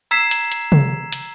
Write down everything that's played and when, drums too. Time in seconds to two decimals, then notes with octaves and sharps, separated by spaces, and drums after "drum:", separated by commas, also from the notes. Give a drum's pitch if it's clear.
0.11 A#5 E6 G#6 B6 C7 E7
0.31 drum: hi-hat
0.52 drum: hi-hat
0.72 drum: tom C3
1.12 drum: hi-hat